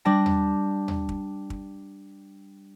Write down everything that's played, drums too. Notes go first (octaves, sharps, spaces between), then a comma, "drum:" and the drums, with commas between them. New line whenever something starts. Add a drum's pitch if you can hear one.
G3 D4 A5 A#6
drum: tom D#2
drum: tom D#2
drum: kick
drum: kick